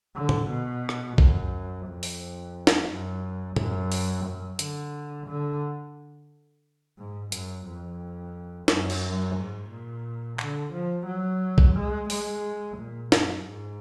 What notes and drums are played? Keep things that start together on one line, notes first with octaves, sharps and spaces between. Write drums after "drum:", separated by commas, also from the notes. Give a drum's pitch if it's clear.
D3
drum: tom
B2
drum: rim click
F#2, drum: kick B1
F2
drum: open hi-hat
drum: snare
F#2
F#2, drum: tom
drum: open hi-hat
F#2
D3, drum: hi-hat
D3
G#2
F#2, drum: hi-hat
F2
F#2, drum: snare
drum: cymbal
G#2
A#2
D3, drum: clap
F3
F#3
drum: kick B1
G#3
G#3, drum: open hi-hat
A#2
F#2, drum: snare
G#2